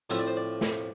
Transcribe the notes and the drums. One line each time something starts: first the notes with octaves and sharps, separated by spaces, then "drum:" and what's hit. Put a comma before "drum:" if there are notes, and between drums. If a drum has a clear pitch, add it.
A2 F3 C4 E5, drum: hi-hat
D5
C5
D5
drum: snare